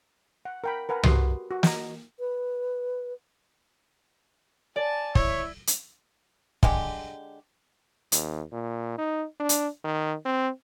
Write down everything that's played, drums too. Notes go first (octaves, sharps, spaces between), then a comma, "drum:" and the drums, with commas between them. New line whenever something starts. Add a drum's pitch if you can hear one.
F#5
A#4 G5 B5
A#4 B4 F#5 G#5
F#4 G4 C6 D#6, drum: tom C2
F#4
D#5 A#5, drum: snare
B4
D5 G#5 A5
E4 C#5 E5 G#6, drum: kick
drum: hi-hat
D3 G#3 G4, drum: kick
D#2, drum: hi-hat
A#2
D#4
D4
drum: hi-hat
D#3
C4